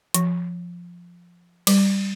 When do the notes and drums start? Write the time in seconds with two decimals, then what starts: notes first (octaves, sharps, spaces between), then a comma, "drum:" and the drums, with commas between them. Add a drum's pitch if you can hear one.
0.14 F3, drum: hi-hat
1.67 G3, drum: cymbal